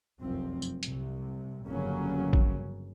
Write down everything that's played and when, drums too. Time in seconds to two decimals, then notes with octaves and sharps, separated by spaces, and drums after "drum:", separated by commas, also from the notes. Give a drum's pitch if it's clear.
0.22 F1 C2 F#2 F3 C4
0.62 drum: tambourine
0.83 C2 C3, drum: hi-hat
1.68 G1 F2 C#3 F#3 A#3 C#4
2.33 drum: kick